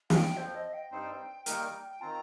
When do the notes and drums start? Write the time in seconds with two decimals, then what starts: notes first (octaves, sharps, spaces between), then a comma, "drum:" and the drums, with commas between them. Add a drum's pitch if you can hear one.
0.10 G5, drum: snare
0.36 F2 F3 C4 C5
0.55 D#5
0.73 G5
0.91 G2 G3 C4 D#4 C5
1.46 D#3 G3 A#3 D#4 A#4, drum: hi-hat
1.90 G5
2.01 D#3 C4 F4 A#5